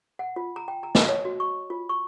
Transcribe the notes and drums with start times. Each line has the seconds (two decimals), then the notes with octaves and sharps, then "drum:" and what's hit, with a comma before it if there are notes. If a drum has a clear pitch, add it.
0.19 F#5
0.36 F4
0.56 A#5
0.68 G5
0.83 A#5
0.95 D#5, drum: snare
1.08 C#5
1.25 F#4
1.40 C#6
1.70 F4
1.89 C#6